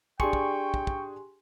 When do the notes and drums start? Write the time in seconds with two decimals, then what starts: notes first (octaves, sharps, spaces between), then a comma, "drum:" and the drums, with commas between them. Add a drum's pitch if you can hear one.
0.20 D4 G4 G#4 G5 G#5 C6 C#6, drum: kick
0.33 drum: kick
0.74 drum: kick
0.87 drum: kick